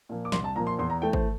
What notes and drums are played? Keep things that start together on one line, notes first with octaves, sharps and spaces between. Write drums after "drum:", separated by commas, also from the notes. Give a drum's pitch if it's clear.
A#2 F3 A#3
D6
C2 C6, drum: snare
A5
A#2 F3 A#3 A#5
C6
E2 C6
A#5
E3 A3 G5
C5, drum: kick